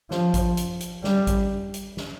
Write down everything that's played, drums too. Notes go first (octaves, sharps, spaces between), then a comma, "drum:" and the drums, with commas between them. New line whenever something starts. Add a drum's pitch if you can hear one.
F3, drum: snare
drum: kick A1, hi-hat
drum: hi-hat
drum: hi-hat
G3, drum: snare
drum: kick A1, hi-hat
drum: hi-hat
drum: snare